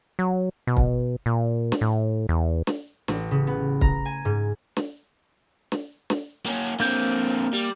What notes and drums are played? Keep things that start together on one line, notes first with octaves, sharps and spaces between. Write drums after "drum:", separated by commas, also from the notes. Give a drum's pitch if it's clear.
F#3
B2
drum: kick
A#2
drum: snare
A2
E2
drum: snare
A1, drum: snare
C#3
B3
A#5, drum: kick
G#5
G#2
drum: snare
drum: snare
drum: snare
A#3 C#4
D3 A#3 C4 G6
G3